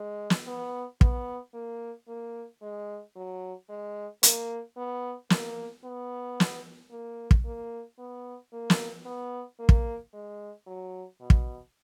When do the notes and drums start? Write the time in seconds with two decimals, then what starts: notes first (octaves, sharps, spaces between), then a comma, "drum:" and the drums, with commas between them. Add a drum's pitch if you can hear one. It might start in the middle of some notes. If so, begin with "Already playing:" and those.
Already playing: G#3
0.30 drum: snare
0.47 B3
1.01 B3, drum: kick
1.54 A#3
2.08 A#3
2.62 G#3
3.16 F#3
3.69 G#3
4.23 A#3, drum: hi-hat
4.77 B3
5.30 A#3, drum: snare
5.84 B3
6.40 drum: snare
6.91 A#3
7.31 drum: kick
7.45 A#3
7.98 B3
8.53 A#3
8.70 drum: snare
9.06 B3
9.59 A#3
9.69 drum: kick
10.13 G#3
10.67 F#3
11.20 B2
11.30 drum: kick